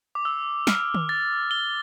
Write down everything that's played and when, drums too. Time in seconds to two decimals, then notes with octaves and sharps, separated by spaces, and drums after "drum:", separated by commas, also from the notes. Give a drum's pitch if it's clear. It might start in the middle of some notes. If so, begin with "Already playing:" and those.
0.15 D6
0.25 E6
0.67 F6, drum: snare
0.94 drum: tom D#3
1.09 A6
1.51 G7